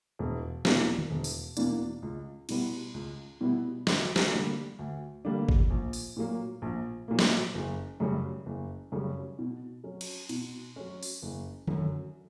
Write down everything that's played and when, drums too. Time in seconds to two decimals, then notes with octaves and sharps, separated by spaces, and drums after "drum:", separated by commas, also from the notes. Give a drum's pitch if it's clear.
0.19 E1
0.65 E2 B2 A#3 D4, drum: snare
0.98 drum: tom D3
1.11 E1
1.24 drum: open hi-hat
1.57 E2 B2 A#3 D4, drum: hi-hat
2.02 C#2
2.49 B2 G3 B3 E4, drum: cymbal
2.94 C#2
3.41 B2 G3 B3 E4
3.87 D2, drum: snare
4.16 drum: snare
4.33 D3 G3 A#3 D4
4.79 D2
5.25 D3 G3 A#3 D4
5.49 drum: kick G#1
5.70 A#1
5.93 drum: open hi-hat
6.17 A#2 F#3 A#3
6.62 A#1
7.08 A#2 F#3 A#3
7.19 drum: snare
7.55 F#1
8.00 F#2 C#3 G3 C#4
8.46 F#1
8.92 F#2 C#3 G3 C#4
9.39 B2
9.84 F#3 C#4
10.01 drum: cymbal
10.29 B2, drum: cymbal
10.76 F#3 C#4
11.03 drum: open hi-hat
11.22 F#1
11.67 F#2 D3 F#3, drum: tom D3